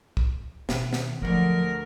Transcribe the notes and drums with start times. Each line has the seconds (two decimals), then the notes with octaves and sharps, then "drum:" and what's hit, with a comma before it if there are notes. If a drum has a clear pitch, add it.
0.17 drum: kick
0.69 B2 D#3, drum: snare
0.93 drum: snare
1.22 D2 F3 F#3 A#4